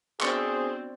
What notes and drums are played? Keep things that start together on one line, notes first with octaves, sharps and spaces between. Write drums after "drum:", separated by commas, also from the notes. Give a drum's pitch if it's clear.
B3 C4 D4 F#4 G#4 D5 C6 C#6, drum: clap